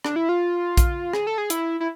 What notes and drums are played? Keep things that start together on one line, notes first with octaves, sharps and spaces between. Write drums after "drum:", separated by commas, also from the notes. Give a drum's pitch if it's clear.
D4, drum: rim click
E4
F4
drum: kick A#1, hi-hat
G#4, drum: rim click
A4
G#4
E4, drum: hi-hat
E4